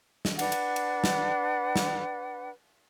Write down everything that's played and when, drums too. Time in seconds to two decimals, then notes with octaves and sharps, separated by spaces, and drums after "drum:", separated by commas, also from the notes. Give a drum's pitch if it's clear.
0.25 drum: snare
0.39 D4 B4 F#5, drum: cymbal
0.52 drum: cymbal
0.76 drum: cymbal
1.04 drum: snare
1.76 drum: snare